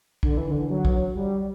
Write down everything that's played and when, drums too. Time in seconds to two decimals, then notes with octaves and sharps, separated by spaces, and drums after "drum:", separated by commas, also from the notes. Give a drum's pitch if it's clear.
0.23 D3, drum: kick
0.37 E3
0.51 D3
0.70 F#3
0.85 drum: kick
1.15 G3